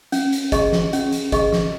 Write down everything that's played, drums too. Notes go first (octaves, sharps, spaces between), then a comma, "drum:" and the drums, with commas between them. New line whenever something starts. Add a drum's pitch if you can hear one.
C#4, drum: hi-hat
drum: hi-hat
G#4 D#5 C#6, drum: kick G1, hi-hat
drum: snare
C#4, drum: hi-hat
drum: hi-hat
G#4 D#5 C#6, drum: kick G1, hi-hat
drum: snare